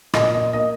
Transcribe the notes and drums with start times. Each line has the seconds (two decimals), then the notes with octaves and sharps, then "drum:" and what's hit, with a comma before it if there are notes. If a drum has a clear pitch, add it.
0.14 A#2 D#5, drum: rim click
0.34 D#5
0.53 A#3 D#5